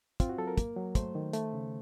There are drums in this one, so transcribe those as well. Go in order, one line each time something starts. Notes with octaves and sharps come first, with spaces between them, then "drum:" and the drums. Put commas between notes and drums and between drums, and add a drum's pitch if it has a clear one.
C4 F4, drum: kick, hi-hat
F#4
F#3 A4
A#4
A#3, drum: kick, hi-hat
F#3
A3 C5, drum: kick, hi-hat
D#3
A3, drum: hi-hat
C#3